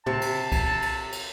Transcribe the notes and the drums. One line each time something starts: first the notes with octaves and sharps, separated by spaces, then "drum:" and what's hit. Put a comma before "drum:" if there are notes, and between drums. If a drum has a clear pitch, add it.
C3 A5, drum: tom
drum: cymbal
drum: kick C2, cymbal
drum: cymbal
drum: cymbal